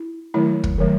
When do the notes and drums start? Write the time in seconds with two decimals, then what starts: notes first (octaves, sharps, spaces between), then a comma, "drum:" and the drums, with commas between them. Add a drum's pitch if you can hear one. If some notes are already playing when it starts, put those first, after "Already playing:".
Already playing: E4
0.34 D#3 F#3 A3 E4
0.64 drum: kick
0.78 D#3 F#3 A3